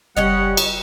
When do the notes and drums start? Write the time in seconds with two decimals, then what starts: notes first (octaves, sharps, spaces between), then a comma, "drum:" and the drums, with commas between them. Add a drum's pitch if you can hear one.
0.17 F#1 G3 C#4 C#5 D#5 F#5
0.57 drum: cymbal